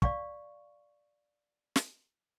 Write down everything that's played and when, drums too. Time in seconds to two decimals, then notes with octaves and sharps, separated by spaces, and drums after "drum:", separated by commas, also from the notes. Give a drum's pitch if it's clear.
0.02 D5 F5 C#6, drum: kick
1.76 drum: snare